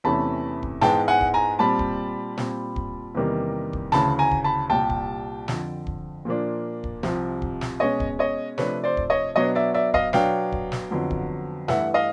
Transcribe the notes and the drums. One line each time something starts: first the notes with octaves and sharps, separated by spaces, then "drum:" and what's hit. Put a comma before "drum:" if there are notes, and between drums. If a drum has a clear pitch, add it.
E2 C3 E3 A3 C#4 A5 B5
drum: kick
G#2 E3 G#3 B3 G5 A5, drum: snare
F#5 G#5
drum: kick
G#5 A#5
A#2 G3 C4 A5 B5
drum: kick
A#2 G3 C4, drum: snare
drum: kick
E2 C3 D#3 G3 A#3
drum: kick
D2 C#3 E3 A5 B5, drum: snare
G#5 A#5
drum: kick
A5 B5
C2 A#2 G3 G5 A5
drum: kick
F2 D3 F3, drum: snare
drum: kick
A#2 F3 A#3 D4
drum: kick
C2 C3 F3, drum: snare
drum: kick
drum: snare
B2 G#3 C#4 C#5 D#5
drum: kick
C#5 D#5
C3 F3 A3 D4 B4 C#5, drum: snare
C5 D5
drum: kick
C#5 D#5
B2 F#3 B3 D4 C#5 D#5
D5 E5
D5 E5
D#5 F5, drum: kick
B2 F#3 B3 D4 F5 G5, drum: snare
drum: kick
drum: snare
F2 D3 F#3 B3
drum: kick
G2 E3 A3 E5 F#5, drum: snare
D#5 F5